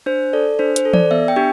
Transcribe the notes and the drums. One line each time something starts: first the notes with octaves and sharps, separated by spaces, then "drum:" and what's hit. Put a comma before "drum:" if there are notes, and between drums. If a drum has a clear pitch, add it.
D4 C5
A4 D5
D4 C5
C5, drum: hi-hat
A4
D5, drum: tom E3
B3 E5
G5
D4 G4